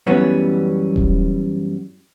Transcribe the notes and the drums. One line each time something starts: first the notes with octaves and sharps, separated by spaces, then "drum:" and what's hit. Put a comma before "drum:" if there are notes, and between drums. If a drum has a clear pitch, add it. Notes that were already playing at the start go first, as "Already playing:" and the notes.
F#2 E3 F#3 G3 B3 C#4
drum: kick D#1